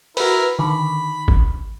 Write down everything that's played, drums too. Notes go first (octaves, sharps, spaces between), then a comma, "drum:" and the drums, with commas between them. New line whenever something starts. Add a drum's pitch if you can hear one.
E4 F#4 A#4 B4, drum: open hi-hat
D3 D#3 B5
drum: kick